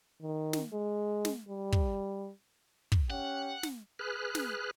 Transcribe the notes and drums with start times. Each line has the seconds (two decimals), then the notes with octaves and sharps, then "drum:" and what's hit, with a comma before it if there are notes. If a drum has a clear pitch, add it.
0.22 D#3
0.53 drum: snare
0.73 G#3
1.25 drum: snare
1.49 G3
1.72 drum: kick
2.92 drum: kick
3.10 C#4 G4 F#5
3.63 drum: snare
3.99 G#4 B4 F6 F#6
4.35 drum: snare